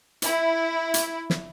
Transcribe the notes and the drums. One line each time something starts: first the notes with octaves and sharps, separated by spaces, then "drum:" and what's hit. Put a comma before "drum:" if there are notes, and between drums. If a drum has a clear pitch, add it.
E4, drum: hi-hat
drum: hi-hat
drum: snare